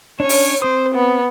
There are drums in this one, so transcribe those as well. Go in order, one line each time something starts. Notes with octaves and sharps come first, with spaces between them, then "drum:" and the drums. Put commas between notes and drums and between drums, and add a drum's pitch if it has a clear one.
C#4 D4 C#5
drum: open hi-hat
C4 C5 D#6
B3